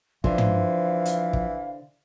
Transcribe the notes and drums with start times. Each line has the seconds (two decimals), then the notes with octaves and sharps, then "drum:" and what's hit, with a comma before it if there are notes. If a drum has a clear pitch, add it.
0.24 D3 E3 F3 C5 F5, drum: kick
0.38 drum: tom
1.05 drum: hi-hat
1.33 drum: kick